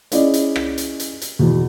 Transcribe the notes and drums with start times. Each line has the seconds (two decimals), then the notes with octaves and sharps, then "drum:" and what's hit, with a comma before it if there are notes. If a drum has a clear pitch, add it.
0.12 C#4 E4 G#4 D5 D#5, drum: hi-hat
0.34 drum: hi-hat
0.56 drum: rim click
0.78 drum: hi-hat
1.00 drum: hi-hat
1.22 drum: hi-hat
1.39 E2 B2